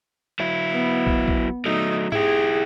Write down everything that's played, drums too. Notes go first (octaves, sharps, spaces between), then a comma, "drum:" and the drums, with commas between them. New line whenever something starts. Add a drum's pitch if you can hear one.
F#3 E4
B3
drum: kick
drum: kick
F#3 A3 D#4
E4 G4 G#4, drum: tom G#2